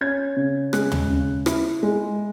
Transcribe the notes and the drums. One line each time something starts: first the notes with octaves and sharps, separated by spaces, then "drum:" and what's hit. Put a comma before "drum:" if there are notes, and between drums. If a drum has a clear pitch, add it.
C#4 G#6
C#3
G#3 F#6, drum: rim click
drum: tom
C#3
E4, drum: rim click
G#3